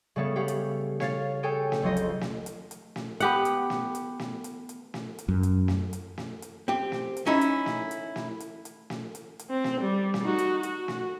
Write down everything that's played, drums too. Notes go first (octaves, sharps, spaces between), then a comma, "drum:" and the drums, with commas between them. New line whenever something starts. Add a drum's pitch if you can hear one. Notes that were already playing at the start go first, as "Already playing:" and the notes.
C#3 G3 A3 B3 A4 C#5
G4 C#5 F5 F#5
drum: hi-hat
C#5 F5 A6, drum: snare
G#4 A4 C#5 G5 G#5
drum: snare
F1 C#2 F#3 C5 D#5
drum: hi-hat
drum: snare
drum: hi-hat
drum: hi-hat
drum: snare
B3 G4 F#5, drum: hi-hat
drum: hi-hat
drum: snare
drum: hi-hat
drum: snare
drum: hi-hat
drum: hi-hat
drum: snare
drum: hi-hat
F#2
drum: hi-hat
drum: snare
drum: hi-hat
drum: snare
drum: hi-hat
C4 G4
drum: snare
drum: hi-hat
C#4 D#4 E4
drum: hi-hat
drum: snare
drum: hi-hat
drum: snare
drum: hi-hat
drum: hi-hat
drum: snare
drum: hi-hat
drum: hi-hat
C4
drum: snare
G3
drum: snare
D#4 F#4
drum: hi-hat
F#4, drum: hi-hat
drum: snare